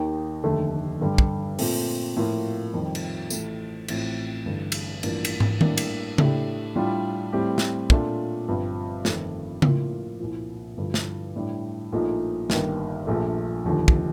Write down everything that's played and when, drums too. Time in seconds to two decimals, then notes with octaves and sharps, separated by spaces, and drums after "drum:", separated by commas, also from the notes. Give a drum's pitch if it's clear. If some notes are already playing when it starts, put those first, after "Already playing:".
Already playing: D#2 D#3 A#3 D#4 G4
0.43 F1 D#2 D3 A3
1.01 G2 D3 G3
1.18 drum: kick
1.59 A#2 A3 C4, drum: open hi-hat
2.16 A2 F3 A#3 F4
2.74 F2 D#3 G3
2.95 drum: cymbal
3.30 A1 A2 A3, drum: tambourine
3.88 A1 A2 F3 C4, drum: cymbal
4.45 A1 G2 D3
4.72 drum: cymbal
5.03 A1 G2 F3 A#3 D4, drum: cymbal
5.25 drum: cymbal
5.40 drum: tom
5.61 A2 G3 A#3 D4, drum: tom D#3
5.78 drum: cymbal
6.18 A2 A3 D4 G4, drum: tom C#3
6.75 A2 G3 D4 F4
7.33 A2 G3 C4 G4
7.58 drum: snare
7.90 A#2 A3 D4 F4, drum: kick
8.48 G1 G2 F3 C4
9.05 G1 F2 D#3 A3, drum: snare
9.62 A2 F3 A#3 F4, drum: tom C#3
10.20 C2 A#2 F3
10.78 G2 D3 F3
10.94 drum: snare
11.36 A2 G3 D4
11.92 A#1 A#2 F3 A3 D#4
12.50 G1 G2 D#3 A#3, drum: snare
13.07 A#1 A#2 A3
13.64 F1 D#2 D3 F3
13.88 drum: kick